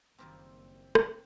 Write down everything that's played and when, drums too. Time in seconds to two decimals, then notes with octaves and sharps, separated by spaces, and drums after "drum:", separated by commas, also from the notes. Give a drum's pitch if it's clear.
0.18 F#1 A#2 D#3 G3 C4
0.95 drum: rim click